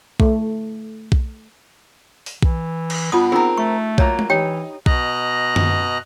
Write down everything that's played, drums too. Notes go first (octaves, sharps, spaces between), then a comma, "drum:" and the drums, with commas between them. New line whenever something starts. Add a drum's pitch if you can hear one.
A3, drum: kick B1
drum: kick B1
drum: open hi-hat
E3, drum: kick B1
drum: cymbal
G2 B3 F4 D#6
C4 D#4 F4 G#4 A#4
A3 C#6
F#3 A#3 F4 C#5, drum: kick B1
drum: tom G#3
E3 D#4 G4 C#5 G5
B2 D#5 A#5 F#6, drum: kick B1
drum: tom F#2